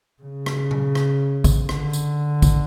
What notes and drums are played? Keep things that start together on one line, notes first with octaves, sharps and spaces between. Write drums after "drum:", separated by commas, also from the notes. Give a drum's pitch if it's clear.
C#3
drum: rim click
drum: tom A#2
drum: rim click
drum: kick, tambourine
D3, drum: rim click
drum: tambourine
drum: kick, tambourine